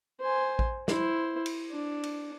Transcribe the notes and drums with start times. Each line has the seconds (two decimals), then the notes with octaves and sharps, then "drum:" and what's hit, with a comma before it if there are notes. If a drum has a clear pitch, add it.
0.20 C5 G#5
0.59 drum: kick A1
0.88 E4 C5, drum: snare
1.46 drum: cymbal
1.71 D4
2.03 drum: cymbal